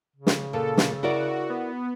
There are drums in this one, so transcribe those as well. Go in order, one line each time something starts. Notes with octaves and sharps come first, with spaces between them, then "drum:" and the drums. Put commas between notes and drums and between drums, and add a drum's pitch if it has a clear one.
C#3
drum: snare
A#2 A4
drum: snare
E4 F#4 A#4 D5
B3